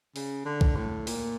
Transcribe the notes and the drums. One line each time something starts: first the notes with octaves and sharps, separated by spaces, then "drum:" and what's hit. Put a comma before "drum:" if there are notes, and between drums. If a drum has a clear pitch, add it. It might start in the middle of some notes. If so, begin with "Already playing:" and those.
C#3, drum: open hi-hat
D3
drum: kick
A2
A#2, drum: open hi-hat